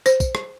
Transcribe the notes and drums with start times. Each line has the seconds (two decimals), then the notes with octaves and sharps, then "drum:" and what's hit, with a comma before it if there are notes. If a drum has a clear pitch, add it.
0.06 C5, drum: tambourine
0.20 drum: kick, tambourine
0.35 drum: rim click